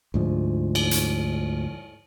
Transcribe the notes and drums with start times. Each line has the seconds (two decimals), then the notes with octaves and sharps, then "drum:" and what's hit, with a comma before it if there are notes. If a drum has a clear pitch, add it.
0.14 D2 G#2 F3
0.75 drum: cymbal
0.91 drum: hi-hat